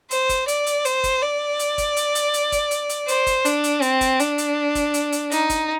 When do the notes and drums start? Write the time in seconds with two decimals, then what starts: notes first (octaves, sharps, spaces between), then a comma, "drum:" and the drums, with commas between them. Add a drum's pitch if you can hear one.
0.11 C5, drum: hi-hat
0.29 drum: kick, hi-hat
0.48 D5, drum: hi-hat
0.66 drum: hi-hat
0.85 C5, drum: hi-hat
1.04 drum: kick, hi-hat
1.22 D5
1.59 drum: hi-hat
1.78 drum: kick, hi-hat
1.97 drum: hi-hat
2.15 drum: hi-hat
2.34 drum: hi-hat
2.52 drum: kick, hi-hat
2.71 drum: hi-hat
2.89 drum: hi-hat
3.08 C5, drum: hi-hat
3.27 drum: kick, hi-hat
3.45 D4, drum: hi-hat
3.64 drum: hi-hat
3.82 C4, drum: hi-hat
4.01 drum: kick, hi-hat
4.20 D4, drum: hi-hat
4.38 drum: hi-hat
4.75 drum: kick, hi-hat
4.94 drum: hi-hat
5.12 drum: hi-hat
5.31 D#4, drum: hi-hat
5.50 drum: kick, hi-hat